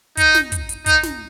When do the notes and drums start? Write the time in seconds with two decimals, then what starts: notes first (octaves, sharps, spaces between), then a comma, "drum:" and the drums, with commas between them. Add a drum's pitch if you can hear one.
0.17 D#4, drum: kick, hi-hat
0.35 drum: snare
0.52 drum: kick, hi-hat
0.69 drum: hi-hat
0.86 D#4, drum: kick, hi-hat
1.03 drum: snare